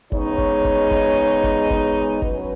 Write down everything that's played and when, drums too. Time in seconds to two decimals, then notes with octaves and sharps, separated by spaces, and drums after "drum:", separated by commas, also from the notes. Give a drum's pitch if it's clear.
0.12 C#3 G#3 B3 D#4 C#5, drum: kick F#1
0.38 drum: kick F#1
0.65 drum: kick F#1
0.91 drum: kick F#1
1.44 drum: kick F#1
1.70 C#5, drum: kick F#1
2.22 F#3 C#4 B4, drum: kick F#1